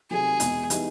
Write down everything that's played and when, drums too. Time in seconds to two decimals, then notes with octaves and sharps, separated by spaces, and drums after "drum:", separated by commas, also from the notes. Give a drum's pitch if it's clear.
0.10 C3 D#3 F#3 A3 G#4
0.40 E2 B2 G#3, drum: hi-hat
0.70 E3 G3 B3 D#4, drum: hi-hat